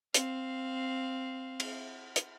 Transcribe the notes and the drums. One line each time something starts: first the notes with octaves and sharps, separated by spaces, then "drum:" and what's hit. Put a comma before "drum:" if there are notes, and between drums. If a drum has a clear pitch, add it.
C4 F5, drum: hi-hat
drum: cymbal
drum: hi-hat